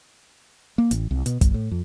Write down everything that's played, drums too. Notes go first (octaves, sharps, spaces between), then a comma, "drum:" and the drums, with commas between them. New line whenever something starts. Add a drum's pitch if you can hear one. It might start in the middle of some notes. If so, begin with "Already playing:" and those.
A#3
A1, drum: hi-hat
C2
B2, drum: hi-hat
G1, drum: kick, hi-hat
A2
F2